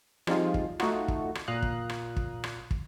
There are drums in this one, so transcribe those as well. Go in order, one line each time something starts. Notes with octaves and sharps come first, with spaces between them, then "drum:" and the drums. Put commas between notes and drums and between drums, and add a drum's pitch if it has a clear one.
F3 G3 G#3 C4 D#4 F4, drum: rim click
drum: kick
A3 D#4 F4 F#4, drum: rim click
drum: kick
drum: rim click
A#2 F5 A#5 D#6 F#6
drum: kick
drum: rim click
drum: kick
drum: rim click
drum: kick